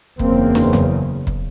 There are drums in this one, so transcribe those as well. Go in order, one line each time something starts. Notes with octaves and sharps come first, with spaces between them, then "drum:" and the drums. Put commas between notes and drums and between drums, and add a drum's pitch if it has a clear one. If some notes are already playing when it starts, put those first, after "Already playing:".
F#1 E2 C#3 A#3 C4, drum: kick
drum: snare D4
drum: tom F2
drum: kick